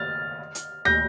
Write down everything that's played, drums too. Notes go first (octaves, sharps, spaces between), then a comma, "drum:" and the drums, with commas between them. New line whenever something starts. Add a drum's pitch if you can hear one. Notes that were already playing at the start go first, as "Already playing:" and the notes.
Already playing: F6 A6
drum: hi-hat
G6 A#6, drum: tom